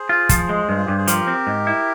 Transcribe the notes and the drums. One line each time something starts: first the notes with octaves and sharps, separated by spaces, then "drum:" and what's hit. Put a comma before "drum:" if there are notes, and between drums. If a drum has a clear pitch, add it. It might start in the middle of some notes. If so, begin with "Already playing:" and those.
Already playing: G#4 C5
F4
F3, drum: kick, hi-hat
G#3
G2
F4
G2 G4
G#4
F3 G4 A#4, drum: hi-hat
C4
G#2
E4